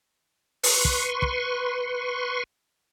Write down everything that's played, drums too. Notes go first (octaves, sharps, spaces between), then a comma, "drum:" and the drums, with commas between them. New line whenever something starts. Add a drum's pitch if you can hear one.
B4 C6 C#6, drum: open hi-hat
drum: kick
drum: kick